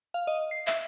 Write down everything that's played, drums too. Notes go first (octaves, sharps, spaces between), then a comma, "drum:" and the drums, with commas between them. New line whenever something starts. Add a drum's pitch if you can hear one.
F5
D#5
C7
E5, drum: clap